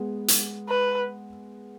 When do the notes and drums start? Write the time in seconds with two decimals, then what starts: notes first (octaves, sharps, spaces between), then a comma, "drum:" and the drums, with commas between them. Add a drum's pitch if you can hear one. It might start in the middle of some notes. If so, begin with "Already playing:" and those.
Already playing: G#3 B3 G#4
0.28 drum: hi-hat
0.69 B4